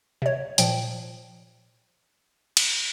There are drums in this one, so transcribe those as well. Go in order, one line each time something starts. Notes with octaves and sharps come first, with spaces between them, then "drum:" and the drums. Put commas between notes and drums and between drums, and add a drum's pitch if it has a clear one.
C3 C#5
A#2 F3 G5, drum: hi-hat
drum: cymbal